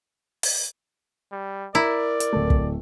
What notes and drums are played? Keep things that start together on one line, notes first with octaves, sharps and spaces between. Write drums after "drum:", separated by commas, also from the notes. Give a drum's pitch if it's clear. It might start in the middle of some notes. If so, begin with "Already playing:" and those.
drum: open hi-hat
G3
E4 A#4 D5 A#5
drum: hi-hat
D1 A3
drum: kick